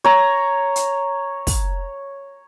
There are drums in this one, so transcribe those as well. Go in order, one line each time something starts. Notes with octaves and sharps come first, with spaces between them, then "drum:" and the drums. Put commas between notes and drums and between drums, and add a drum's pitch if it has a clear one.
C#5 A#5
drum: hi-hat
drum: kick, open hi-hat